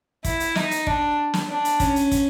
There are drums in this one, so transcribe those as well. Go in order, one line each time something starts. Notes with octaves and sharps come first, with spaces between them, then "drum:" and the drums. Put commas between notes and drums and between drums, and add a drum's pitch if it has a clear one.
E4, drum: kick, hi-hat
drum: hi-hat
D#4, drum: snare
drum: hi-hat
D4, drum: kick
drum: snare
D4
drum: hi-hat
C#4, drum: kick, hi-hat
drum: hi-hat
drum: kick, hi-hat